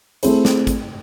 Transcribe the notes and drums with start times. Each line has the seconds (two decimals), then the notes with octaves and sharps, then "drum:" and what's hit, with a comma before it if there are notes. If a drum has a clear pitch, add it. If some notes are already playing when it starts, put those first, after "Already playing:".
0.23 A3 C4 E4 G#4 C5, drum: hi-hat
0.45 drum: snare
0.67 drum: kick, hi-hat